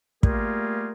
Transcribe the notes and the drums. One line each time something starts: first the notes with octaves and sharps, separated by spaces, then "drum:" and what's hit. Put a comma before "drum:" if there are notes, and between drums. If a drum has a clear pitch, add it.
G3 A3 A#3 F4 G#4 A#4, drum: kick